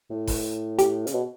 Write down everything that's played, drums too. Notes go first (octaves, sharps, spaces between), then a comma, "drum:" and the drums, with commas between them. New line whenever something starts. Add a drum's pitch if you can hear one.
A2
drum: kick F#1, open hi-hat
G4, drum: hi-hat
C#3, drum: hi-hat
B2